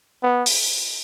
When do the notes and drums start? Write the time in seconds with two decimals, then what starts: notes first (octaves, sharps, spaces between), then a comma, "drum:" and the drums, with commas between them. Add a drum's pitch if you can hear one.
0.23 B3
0.46 drum: open hi-hat